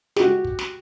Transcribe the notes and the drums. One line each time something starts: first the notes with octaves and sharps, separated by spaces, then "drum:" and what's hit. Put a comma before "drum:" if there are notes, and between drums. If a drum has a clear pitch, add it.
F#4 G4, drum: snare
drum: kick
drum: snare